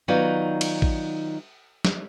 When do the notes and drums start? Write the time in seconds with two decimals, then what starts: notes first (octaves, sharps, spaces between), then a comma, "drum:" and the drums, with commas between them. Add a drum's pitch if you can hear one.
0.08 D#3 F#3 B3 D#4 F4 D5
0.61 drum: cymbal
0.82 drum: kick A1
1.85 drum: snare